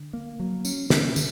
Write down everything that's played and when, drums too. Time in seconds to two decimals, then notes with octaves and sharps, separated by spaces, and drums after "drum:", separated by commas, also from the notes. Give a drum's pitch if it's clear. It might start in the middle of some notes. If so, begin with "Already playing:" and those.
Already playing: D3
0.13 A#3
0.40 F#3
0.65 C#4, drum: tambourine
0.90 C#4, drum: snare
1.16 D3, drum: tambourine